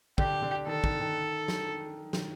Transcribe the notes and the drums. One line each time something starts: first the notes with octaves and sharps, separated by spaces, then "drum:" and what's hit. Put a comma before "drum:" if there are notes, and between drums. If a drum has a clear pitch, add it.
D3 G4, drum: kick
D3
D#3 A4
D#3, drum: kick
D#3
drum: snare
D#3, drum: snare